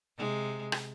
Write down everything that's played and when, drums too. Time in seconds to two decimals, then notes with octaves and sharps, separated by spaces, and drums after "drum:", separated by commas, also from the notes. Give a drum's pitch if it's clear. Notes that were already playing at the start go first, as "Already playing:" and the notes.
0.18 C3 G#3
0.72 drum: rim click